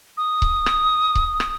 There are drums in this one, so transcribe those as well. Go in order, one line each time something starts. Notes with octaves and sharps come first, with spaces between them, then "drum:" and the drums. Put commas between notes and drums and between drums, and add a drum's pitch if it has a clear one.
D#6
drum: kick C#1
drum: rim click
drum: kick C#1
drum: rim click